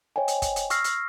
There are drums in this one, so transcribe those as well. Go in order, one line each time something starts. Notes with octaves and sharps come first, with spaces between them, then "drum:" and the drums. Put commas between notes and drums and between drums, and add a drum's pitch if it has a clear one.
C5 C#5 D#5 G5 G#5
drum: hi-hat
drum: kick, hi-hat
drum: hi-hat
C#6 E6 F6 A#6 C7, drum: hi-hat
drum: hi-hat